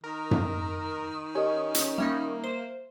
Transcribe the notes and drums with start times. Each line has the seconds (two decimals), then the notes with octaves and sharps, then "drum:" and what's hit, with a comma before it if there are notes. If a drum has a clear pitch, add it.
0.04 D#3 A#4
0.31 drum: tom F#2
1.35 C#4 G4 A#4 D#5
1.75 drum: hi-hat
1.98 G3 A#3 C#4 D#4 E5
2.44 C5